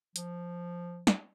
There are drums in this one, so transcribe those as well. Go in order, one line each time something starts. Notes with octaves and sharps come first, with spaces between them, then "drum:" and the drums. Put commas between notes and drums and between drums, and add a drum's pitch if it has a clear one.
F3, drum: hi-hat
drum: snare